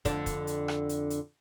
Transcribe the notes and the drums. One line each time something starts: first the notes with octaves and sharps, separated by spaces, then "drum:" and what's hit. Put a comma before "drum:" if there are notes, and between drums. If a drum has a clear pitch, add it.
F2 D3 D4, drum: kick, hi-hat
drum: kick, hi-hat
drum: hi-hat
drum: rim click
drum: hi-hat
drum: hi-hat